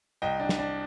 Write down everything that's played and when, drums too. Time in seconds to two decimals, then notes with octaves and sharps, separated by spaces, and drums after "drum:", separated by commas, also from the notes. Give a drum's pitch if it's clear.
0.22 C2 D#5 G5
0.40 D4
0.49 drum: snare
0.59 D4